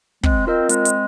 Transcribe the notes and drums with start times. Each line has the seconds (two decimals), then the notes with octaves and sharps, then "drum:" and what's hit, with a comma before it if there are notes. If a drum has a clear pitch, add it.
0.23 G#3 C4, drum: kick
0.47 C4 F4 A#4 D#5
0.69 G#3 C4, drum: hi-hat
0.85 drum: hi-hat